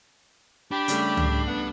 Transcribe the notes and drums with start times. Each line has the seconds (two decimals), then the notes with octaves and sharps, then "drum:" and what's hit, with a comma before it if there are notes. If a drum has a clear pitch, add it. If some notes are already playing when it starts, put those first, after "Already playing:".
0.71 D4 G4 B5
0.88 C#3 G3 A3, drum: hi-hat
1.17 drum: tom C#2
1.47 B3 F#5